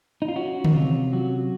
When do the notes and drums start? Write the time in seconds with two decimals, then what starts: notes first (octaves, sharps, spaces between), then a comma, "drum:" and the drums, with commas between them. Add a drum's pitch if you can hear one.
0.22 D#4
0.28 F4
0.36 C#4 F#4
0.64 D#4, drum: tom D3
0.74 C3 F4
1.13 F#3 F#4